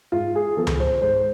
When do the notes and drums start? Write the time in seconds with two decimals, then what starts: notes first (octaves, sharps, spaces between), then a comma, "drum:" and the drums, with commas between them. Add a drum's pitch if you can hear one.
0.12 G#2 F4
0.35 G#4
0.57 F3 B3 F4 A4
0.67 drum: tom C#2
0.80 C5
1.02 G#2 C5